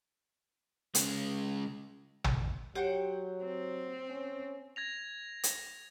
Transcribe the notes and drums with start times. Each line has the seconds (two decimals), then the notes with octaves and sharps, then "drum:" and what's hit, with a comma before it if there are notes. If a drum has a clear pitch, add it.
0.95 C#3 G#3, drum: hi-hat
2.24 drum: tom
2.75 F#3 G4 C5 C#5 F#5 G5
3.44 C4
4.10 C#4
4.76 G#6 A#6 F7
5.43 drum: hi-hat